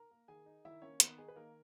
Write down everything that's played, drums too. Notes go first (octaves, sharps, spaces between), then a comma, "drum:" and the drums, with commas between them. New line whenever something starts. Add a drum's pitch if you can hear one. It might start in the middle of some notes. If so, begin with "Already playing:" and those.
Already playing: A#4 A#5
A#3
D#3 G#4 G#5
D#4
D#3 E4 E5
A#3 C#4 C#5
D#3 B3 B4, drum: hi-hat
D#4 G#4
B4
D#3 A#3 A#4